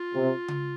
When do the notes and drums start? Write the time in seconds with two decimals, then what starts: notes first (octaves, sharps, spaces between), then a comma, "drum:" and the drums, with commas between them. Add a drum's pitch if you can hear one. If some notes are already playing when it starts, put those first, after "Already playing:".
Already playing: F4
0.15 C3
0.48 drum: tom C#3